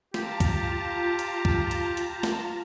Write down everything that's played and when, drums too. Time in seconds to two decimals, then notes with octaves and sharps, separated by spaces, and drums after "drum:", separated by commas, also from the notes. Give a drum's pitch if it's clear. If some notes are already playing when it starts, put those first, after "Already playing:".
0.14 F4 G4 A5 A#5, drum: snare
0.40 drum: kick, hi-hat
1.19 drum: hi-hat
1.45 drum: kick
1.71 drum: hi-hat
1.97 drum: hi-hat
2.23 drum: snare